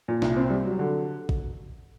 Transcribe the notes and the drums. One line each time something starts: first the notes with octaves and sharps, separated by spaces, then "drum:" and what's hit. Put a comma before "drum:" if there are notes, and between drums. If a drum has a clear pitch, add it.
A#2
C2, drum: snare
C4
G3
F#3
D3
drum: kick G#1